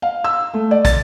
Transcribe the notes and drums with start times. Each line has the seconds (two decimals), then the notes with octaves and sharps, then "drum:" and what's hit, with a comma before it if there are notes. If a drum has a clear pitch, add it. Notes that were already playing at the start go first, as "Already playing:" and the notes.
0.02 F5
0.24 E6
0.54 A3
0.71 D5
0.85 A6, drum: kick, hi-hat